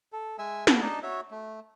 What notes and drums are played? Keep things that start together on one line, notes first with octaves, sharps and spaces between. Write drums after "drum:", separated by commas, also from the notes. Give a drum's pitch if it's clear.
A4
G#3 E5 G#5 E6
B3 A4 F5, drum: snare
D4 D#4 D#5 A5
F#4 C#5 E5
A3